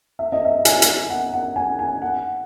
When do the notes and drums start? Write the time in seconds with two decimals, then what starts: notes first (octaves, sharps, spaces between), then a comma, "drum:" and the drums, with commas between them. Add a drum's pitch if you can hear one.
0.19 E5
0.32 D#5
0.45 E5
0.65 G#5, drum: hi-hat
0.82 drum: hi-hat
1.10 F#5
1.33 F#5
1.56 G#5
1.79 G#5
2.02 F#5